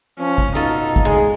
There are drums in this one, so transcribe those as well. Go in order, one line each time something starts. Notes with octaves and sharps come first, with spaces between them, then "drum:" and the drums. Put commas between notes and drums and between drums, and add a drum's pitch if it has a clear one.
F3 C#4
drum: kick
B2 D#4 F4 A4
drum: kick
G#3 G#4